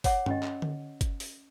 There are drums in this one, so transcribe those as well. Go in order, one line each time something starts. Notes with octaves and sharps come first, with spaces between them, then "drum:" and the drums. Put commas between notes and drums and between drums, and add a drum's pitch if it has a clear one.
C#5 F#5 D6, drum: kick G1, open hi-hat
C#4 G4 D#5, drum: tom G2
drum: clap
drum: tom D3
drum: kick G1, hi-hat
drum: open hi-hat